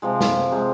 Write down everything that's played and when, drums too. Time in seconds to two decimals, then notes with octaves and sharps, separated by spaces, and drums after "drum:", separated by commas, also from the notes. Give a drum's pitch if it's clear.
0.02 C3 F3 G#3
0.21 drum: snare
0.52 C3 F3 G#3